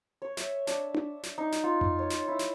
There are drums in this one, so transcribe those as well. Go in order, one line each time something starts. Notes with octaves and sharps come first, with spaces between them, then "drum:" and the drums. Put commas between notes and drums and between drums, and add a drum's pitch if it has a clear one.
C#5
E5, drum: snare
D4, drum: snare
drum: tom D4
drum: snare
D#4
drum: snare
F4
drum: tom F2
C#5
drum: snare
E4
drum: snare